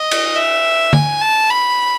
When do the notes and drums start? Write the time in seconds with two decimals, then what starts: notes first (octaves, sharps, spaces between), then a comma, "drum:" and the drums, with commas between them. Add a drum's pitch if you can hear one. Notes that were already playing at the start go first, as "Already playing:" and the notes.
Already playing: D#5
0.11 drum: cymbal
0.36 E5
0.93 G#5, drum: tom D3
1.21 A5
1.50 B5